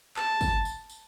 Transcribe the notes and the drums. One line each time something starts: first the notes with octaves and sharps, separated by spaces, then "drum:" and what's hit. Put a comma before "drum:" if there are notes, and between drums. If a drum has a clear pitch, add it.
A5, drum: clap
drum: kick, tambourine
drum: tambourine
drum: tambourine